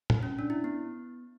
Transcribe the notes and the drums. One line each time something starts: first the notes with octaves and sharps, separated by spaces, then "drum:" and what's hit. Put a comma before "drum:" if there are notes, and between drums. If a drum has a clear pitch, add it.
drum: tom
C#4
D4
E4
B3